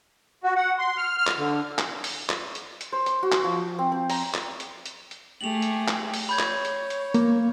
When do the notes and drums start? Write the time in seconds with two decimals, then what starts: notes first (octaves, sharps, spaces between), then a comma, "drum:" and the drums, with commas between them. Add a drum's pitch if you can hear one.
0.44 F#4
0.56 F#5
0.79 C6
0.97 F6
1.18 F6
1.27 drum: clap
1.38 D3
1.78 drum: clap
2.04 drum: open hi-hat
2.30 drum: clap
2.55 drum: hi-hat
2.81 drum: hi-hat
2.92 C5
3.06 D6, drum: hi-hat
3.23 F#4
3.32 drum: clap
3.44 F3
3.79 C4
3.92 C4
4.10 A#5, drum: open hi-hat
4.34 drum: clap
4.60 drum: hi-hat
4.86 drum: hi-hat
5.11 drum: hi-hat
5.41 A3 G4 G#4 F7 F#7
5.62 drum: hi-hat
5.88 drum: clap
6.14 drum: open hi-hat
6.29 C#5 B5 G6 G#6
6.39 drum: clap
6.65 drum: hi-hat
6.90 drum: hi-hat
7.14 A#3, drum: hi-hat